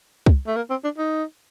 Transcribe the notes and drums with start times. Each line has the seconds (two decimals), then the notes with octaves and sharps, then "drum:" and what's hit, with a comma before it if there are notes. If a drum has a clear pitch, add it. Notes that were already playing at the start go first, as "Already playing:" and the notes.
0.26 drum: kick
0.47 A3
0.56 A#3
0.70 C4
0.84 D4
0.98 D#4